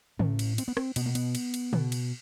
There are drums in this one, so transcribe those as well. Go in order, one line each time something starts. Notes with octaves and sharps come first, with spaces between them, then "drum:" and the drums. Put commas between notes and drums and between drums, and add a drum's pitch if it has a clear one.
A2 C#4, drum: tom C#3
drum: cymbal
C4, drum: cymbal
B3
C4, drum: rim click
B2 B3, drum: cymbal
A#3
B3, drum: cymbal
drum: cymbal
drum: cymbal
B2, drum: tom C#3
drum: cymbal